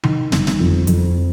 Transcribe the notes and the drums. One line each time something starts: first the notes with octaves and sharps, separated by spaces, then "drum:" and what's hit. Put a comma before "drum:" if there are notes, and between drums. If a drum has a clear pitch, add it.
D#3, drum: tom C3
G1, drum: snare
drum: snare
F2
F2, drum: hi-hat